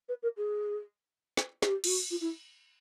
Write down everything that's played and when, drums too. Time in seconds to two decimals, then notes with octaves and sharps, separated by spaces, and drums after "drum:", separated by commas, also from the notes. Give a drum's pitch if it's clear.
0.08 B4
0.23 A#4
0.37 G#4
1.37 drum: snare
1.62 G#4, drum: snare
1.67 G4
1.84 F4, drum: cymbal
1.88 F#4
2.10 F4
2.21 E4